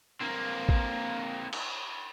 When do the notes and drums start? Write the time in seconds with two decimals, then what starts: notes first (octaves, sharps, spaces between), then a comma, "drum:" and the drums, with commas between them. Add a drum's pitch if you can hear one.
0.21 A#3 C4
0.69 drum: kick
1.53 drum: cymbal